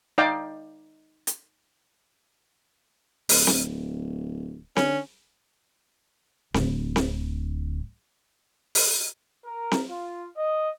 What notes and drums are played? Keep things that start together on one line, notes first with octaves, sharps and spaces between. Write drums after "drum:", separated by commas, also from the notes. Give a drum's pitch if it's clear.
D#4 D5 F5 G5
drum: hi-hat
D1, drum: open hi-hat
drum: snare C4
D3 C#4, drum: snare C4
D1 D3, drum: snare C4
drum: snare C4
drum: open hi-hat
A#4
drum: snare C4
F4
D#5